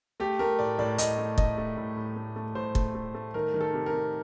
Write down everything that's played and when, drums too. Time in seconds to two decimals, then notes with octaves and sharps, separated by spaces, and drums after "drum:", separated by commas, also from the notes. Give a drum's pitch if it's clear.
0.20 A3 G4
0.39 A3 A#4
0.59 A2 D5
0.79 A2 D5
0.98 A2 D#5, drum: hi-hat
1.18 A3
1.38 A3 D#5, drum: kick
1.58 A3
1.77 A2
1.97 A2
2.16 A3
2.36 A3
2.55 A2 C5
2.75 A3, drum: kick
2.95 A3
3.14 A3
3.34 D#3 A#4
3.54 D#3
3.61 A4
3.74 C3
3.86 A#4
3.93 C3